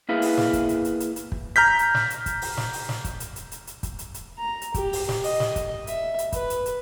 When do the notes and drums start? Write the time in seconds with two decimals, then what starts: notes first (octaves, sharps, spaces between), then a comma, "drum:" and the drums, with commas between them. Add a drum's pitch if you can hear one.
0.09 A#3 E4 G#4 B4 E5 F5
0.22 drum: open hi-hat
0.37 drum: snare
0.53 drum: kick, hi-hat
0.69 drum: hi-hat
0.85 drum: hi-hat
1.00 drum: hi-hat
1.16 drum: hi-hat
1.32 drum: kick
1.56 A#5 F6 G6 B6
1.79 drum: hi-hat
1.95 drum: snare
2.10 drum: hi-hat
2.26 drum: kick, hi-hat
2.42 drum: open hi-hat
2.57 drum: snare
2.73 drum: open hi-hat
2.89 drum: snare
3.04 drum: kick, hi-hat
3.20 drum: hi-hat
3.36 drum: hi-hat
3.52 drum: hi-hat
3.67 drum: hi-hat
3.83 drum: kick, hi-hat
3.99 drum: hi-hat
4.14 drum: hi-hat
4.39 A#5
4.62 drum: hi-hat
4.74 G4, drum: kick, hi-hat
4.93 drum: open hi-hat
5.09 drum: snare
5.24 D#5, drum: open hi-hat
5.40 drum: snare
5.56 drum: kick, hi-hat
5.87 E5, drum: hi-hat
6.19 drum: hi-hat
6.32 B4, drum: kick, hi-hat
6.50 drum: hi-hat
6.66 drum: hi-hat